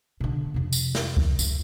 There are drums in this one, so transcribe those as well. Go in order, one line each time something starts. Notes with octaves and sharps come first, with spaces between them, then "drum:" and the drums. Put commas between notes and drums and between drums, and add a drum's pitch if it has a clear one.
B2 D3
F2 C3
drum: tambourine
drum: snare
drum: kick C#2
E4, drum: tambourine